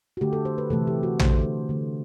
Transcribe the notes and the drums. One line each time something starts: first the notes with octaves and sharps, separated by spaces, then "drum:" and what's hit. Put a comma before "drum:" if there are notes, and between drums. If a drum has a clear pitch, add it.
F#4
D3 A3 G4
A4
C5
B4
C3 E3 A3 A4
G4
F#4
D3 A3 C5, drum: tom
D3 A3